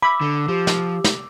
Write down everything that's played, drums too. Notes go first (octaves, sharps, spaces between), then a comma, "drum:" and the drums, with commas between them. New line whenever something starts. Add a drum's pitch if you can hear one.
B5 D6 E6
D3
F3 G4
drum: snare
drum: snare